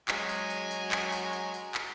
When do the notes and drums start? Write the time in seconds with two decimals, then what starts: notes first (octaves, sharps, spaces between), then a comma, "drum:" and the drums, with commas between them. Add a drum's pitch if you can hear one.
0.08 F#3 G#3 G#5, drum: clap
0.29 drum: tambourine
0.50 drum: tambourine
0.71 drum: tambourine
0.92 drum: clap
1.12 drum: tambourine
1.33 drum: tambourine
1.54 drum: tambourine
1.75 drum: clap